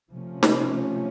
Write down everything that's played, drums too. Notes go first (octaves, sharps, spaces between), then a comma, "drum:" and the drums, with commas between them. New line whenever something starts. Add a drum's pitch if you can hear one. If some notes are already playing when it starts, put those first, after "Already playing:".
C3 F3 A3 C#4
drum: snare